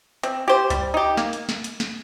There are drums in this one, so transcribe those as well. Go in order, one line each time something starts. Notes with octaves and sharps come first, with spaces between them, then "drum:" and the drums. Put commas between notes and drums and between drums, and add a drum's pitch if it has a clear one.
C4, drum: hi-hat
G4 C5
G3, drum: kick C#2, hi-hat
D#4 G4
A#3, drum: snare
drum: hi-hat
drum: snare
drum: hi-hat
drum: snare